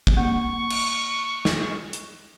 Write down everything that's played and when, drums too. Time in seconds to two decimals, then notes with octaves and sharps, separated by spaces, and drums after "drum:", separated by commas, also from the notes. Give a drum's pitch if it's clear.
0.07 drum: kick
0.17 A#3 F#5 C#6
0.70 drum: cymbal
1.45 drum: snare
1.93 drum: hi-hat